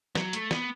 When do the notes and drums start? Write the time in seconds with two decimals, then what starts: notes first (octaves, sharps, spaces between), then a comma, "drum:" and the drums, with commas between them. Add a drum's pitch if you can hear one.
0.15 F#3, drum: snare
0.33 A3, drum: hi-hat
0.51 B3, drum: snare